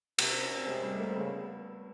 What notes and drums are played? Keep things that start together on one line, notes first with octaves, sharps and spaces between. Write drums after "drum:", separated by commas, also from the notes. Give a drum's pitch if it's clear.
C3 C4, drum: cymbal
C4
C#4
C4
C3 G#3
G3
A3
A#3
C4
C#3 B3